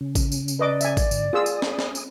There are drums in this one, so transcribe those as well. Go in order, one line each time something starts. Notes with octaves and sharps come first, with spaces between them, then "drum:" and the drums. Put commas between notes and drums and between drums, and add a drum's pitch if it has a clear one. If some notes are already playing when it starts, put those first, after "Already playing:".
C#3 C#4
drum: kick A1, tambourine
drum: tambourine
drum: tambourine
B4 D5 D#5 D6
E5 G#5, drum: tambourine
drum: kick A1, tambourine
G#2 D3, drum: tambourine
F4 G#4 G#5 D#6 E6
drum: tambourine
drum: snare
drum: snare
drum: tambourine